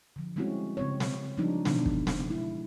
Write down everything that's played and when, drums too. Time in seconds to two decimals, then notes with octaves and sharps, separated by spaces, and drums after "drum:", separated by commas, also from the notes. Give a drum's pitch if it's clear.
0.16 D3 F3
0.36 G3 G#3 C4 C#4 E4 F#4
0.77 C#3 C4 C#5
1.00 drum: snare
1.38 F3 G3 G#3 D4 D#4
1.65 B2 D3 E3 D4, drum: snare
1.86 drum: kick
2.07 drum: snare
2.28 G#3 E4